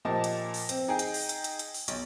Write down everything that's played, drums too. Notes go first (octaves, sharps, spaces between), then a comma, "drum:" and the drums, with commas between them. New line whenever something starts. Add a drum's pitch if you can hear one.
A#2 F3 G4 D#5 A5
drum: hi-hat
drum: open hi-hat
C4, drum: hi-hat
D#4 G#4 G5
drum: hi-hat
drum: open hi-hat
drum: hi-hat
drum: hi-hat
drum: hi-hat
drum: open hi-hat
B1, drum: hi-hat